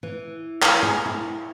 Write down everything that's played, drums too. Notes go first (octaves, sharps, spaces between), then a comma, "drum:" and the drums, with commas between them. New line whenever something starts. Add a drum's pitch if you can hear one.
E3
drum: clap
G#4
E4